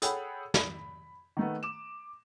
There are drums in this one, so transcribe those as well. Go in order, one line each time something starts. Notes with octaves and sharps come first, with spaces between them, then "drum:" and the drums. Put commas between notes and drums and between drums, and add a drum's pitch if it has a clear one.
G#4 A4 C#5 F#5 G5 B5, drum: hi-hat
B5, drum: snare
D#3 A3 B3
D6 E7